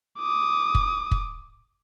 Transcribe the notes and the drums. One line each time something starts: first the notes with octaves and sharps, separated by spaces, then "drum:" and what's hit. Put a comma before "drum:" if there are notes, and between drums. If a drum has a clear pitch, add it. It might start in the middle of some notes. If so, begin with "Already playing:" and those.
D6 D#6
drum: kick
drum: kick